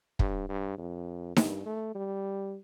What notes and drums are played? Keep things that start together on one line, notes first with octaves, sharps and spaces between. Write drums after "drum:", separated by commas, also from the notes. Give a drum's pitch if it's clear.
G2, drum: kick
G2
F2
G2, drum: snare D#4
A3
G3